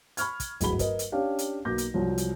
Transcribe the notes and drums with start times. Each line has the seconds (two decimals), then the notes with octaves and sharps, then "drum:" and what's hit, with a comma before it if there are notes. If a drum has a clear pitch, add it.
0.17 B5 C#6 F6 G#6, drum: hi-hat
0.40 drum: kick, hi-hat
0.61 D1 G1 F#4 G#4 B5 G7, drum: hi-hat
0.79 A#4 B4 D#5, drum: kick, hi-hat
0.99 drum: hi-hat
1.12 C#4 D4 G4 F5
1.39 drum: hi-hat
1.65 B1 B2 A#3 D6 G6 A#6
1.78 drum: hi-hat
1.94 C2 F3 F#3
2.18 drum: hi-hat